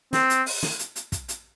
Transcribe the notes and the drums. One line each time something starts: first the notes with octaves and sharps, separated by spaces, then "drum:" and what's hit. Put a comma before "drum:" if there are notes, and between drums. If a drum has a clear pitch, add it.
C4, drum: snare
drum: hi-hat
drum: open hi-hat
drum: snare
drum: hi-hat
drum: hi-hat
drum: kick, hi-hat
drum: hi-hat